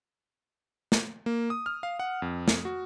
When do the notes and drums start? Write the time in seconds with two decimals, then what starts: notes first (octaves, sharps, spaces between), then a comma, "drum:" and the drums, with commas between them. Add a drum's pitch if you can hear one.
0.92 drum: snare
1.26 A#3
1.50 D#6
1.66 F6
1.83 F5
1.99 F#5
2.22 F2
2.48 drum: snare
2.65 F#4